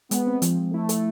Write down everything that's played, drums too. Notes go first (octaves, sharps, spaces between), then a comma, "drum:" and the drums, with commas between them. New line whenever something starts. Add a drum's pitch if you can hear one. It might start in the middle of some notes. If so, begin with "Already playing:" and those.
G#3 B3, drum: hi-hat
C4
F3, drum: hi-hat
F3
A3 E4
A4, drum: hi-hat